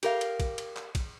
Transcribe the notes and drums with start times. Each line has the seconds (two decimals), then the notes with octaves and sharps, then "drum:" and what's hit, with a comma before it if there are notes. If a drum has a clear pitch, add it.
0.03 G4 A#4 F5, drum: cymbal
0.21 drum: cymbal
0.40 drum: kick, cymbal
0.58 drum: cymbal
0.76 drum: clap
0.95 drum: kick, cymbal